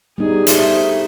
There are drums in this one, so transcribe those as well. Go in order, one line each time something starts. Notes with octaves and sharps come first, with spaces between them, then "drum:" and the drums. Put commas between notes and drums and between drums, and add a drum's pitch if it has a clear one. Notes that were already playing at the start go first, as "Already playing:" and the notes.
G3 B3 D#4 G#4
G2 A3 C5, drum: hi-hat